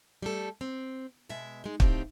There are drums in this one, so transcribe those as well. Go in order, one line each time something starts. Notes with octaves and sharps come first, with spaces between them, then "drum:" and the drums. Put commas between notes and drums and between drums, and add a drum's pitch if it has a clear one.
G3 A3 A4
C4
B2 G#3 E5
G#3 D#4
A2 F3 C4 D#4 G4, drum: kick